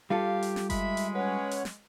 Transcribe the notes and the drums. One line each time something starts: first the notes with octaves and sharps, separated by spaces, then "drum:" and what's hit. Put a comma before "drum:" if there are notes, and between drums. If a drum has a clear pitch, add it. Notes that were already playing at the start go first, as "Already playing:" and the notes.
G3 F4 G4 A4 F5
drum: hi-hat
drum: snare
G#3 E5 B5, drum: kick F#1, hi-hat
drum: hi-hat
C#4 B4 C#5 F#5
drum: hi-hat
drum: snare